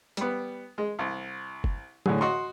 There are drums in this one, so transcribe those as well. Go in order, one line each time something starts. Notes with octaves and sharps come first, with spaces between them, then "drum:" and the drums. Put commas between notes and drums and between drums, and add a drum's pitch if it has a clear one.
G3 B3, drum: hi-hat
G#3
C2
drum: kick
A2 D3 G#4, drum: tom
F#4 D#5 C6 C#6